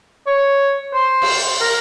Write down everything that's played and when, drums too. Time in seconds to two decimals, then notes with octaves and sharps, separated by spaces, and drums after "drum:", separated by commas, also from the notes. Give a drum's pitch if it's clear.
0.27 C#5
0.94 C5
1.22 drum: cymbal
1.61 A#4